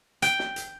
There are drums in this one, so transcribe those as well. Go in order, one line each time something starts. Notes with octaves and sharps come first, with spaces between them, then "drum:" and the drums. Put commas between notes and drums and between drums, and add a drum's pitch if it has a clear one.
G5, drum: hi-hat
drum: snare
drum: hi-hat